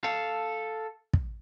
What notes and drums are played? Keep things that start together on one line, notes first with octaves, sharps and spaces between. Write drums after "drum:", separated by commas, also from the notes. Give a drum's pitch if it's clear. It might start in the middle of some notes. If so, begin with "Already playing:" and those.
A4 F5
drum: kick